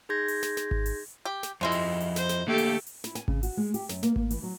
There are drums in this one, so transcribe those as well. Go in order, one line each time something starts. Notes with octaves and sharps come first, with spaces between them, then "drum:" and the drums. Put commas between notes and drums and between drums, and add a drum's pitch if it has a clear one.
D#4 G#4 C6 G6 G#6 A#6
drum: open hi-hat
drum: snare
drum: snare
drum: kick G#1
drum: open hi-hat
G4
drum: snare
F2 C3 F3 G#3 E4 D#5
drum: open hi-hat
drum: open hi-hat
C5, drum: snare
drum: snare
D3 A3 A#3 G4 A4
drum: open hi-hat
drum: open hi-hat
E4, drum: snare
G#5, drum: snare
C#3, drum: kick G#1
F#4, drum: open hi-hat
G#3
G4, drum: open hi-hat
F#2, drum: snare
A#3, drum: snare
A#3, drum: kick G#1
E3, drum: open hi-hat
F#3